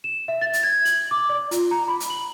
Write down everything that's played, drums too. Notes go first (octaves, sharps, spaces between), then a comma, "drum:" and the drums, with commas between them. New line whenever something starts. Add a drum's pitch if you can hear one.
E7
E5
A6
drum: hi-hat
G#6
F#7, drum: hi-hat
D6
D5
F4, drum: hi-hat
A#5
B5
drum: hi-hat
F#7